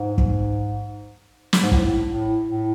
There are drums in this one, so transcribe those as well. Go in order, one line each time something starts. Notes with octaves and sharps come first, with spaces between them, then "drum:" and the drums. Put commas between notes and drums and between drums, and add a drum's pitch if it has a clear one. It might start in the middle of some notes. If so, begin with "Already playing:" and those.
Already playing: G#2
drum: kick
drum: snare
G#2
A2, drum: kick
A2
A2